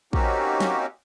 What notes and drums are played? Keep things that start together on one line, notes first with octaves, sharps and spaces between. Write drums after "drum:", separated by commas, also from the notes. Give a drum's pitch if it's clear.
A#3 C4 C#4 D#4 F#4 G4, drum: kick
drum: snare